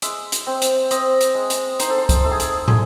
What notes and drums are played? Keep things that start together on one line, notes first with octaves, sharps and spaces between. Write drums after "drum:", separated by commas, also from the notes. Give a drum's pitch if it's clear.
G#3 E5, drum: hi-hat
drum: hi-hat
C4
drum: hi-hat
C4 D#5, drum: hi-hat
drum: hi-hat
G#3
drum: hi-hat
D#4 C5, drum: hi-hat
A4
C5
drum: kick, hi-hat
A3 A4
G#4
A4, drum: hi-hat
A3 G#4, drum: tom